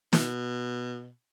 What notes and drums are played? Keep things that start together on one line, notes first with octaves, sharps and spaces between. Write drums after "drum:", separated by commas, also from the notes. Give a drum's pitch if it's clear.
B2, drum: snare